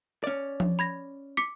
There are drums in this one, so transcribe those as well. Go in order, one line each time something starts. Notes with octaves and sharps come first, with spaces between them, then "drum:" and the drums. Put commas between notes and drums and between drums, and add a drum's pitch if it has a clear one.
C#4 D5
drum: tom F3
B5 G#6 A#6
D6 B6 C#7